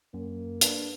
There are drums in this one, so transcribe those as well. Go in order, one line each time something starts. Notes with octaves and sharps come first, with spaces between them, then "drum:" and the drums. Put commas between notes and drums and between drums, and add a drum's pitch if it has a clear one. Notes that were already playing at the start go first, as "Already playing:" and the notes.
F#2 A#3
D4 B4, drum: hi-hat